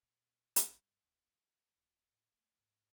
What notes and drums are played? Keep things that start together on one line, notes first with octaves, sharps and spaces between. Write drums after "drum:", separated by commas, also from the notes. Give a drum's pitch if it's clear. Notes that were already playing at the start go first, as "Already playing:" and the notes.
A#2
drum: hi-hat
G2
D1
F2
D#1
A2
A3
G#2